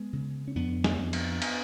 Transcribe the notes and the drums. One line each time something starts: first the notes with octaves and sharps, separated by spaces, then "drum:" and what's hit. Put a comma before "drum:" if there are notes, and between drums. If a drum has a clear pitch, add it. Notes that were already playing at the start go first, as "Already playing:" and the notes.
Already playing: G#3 B3
C#3
C#4
F2 B3 D4
drum: snare
F2
drum: cymbal
drum: cymbal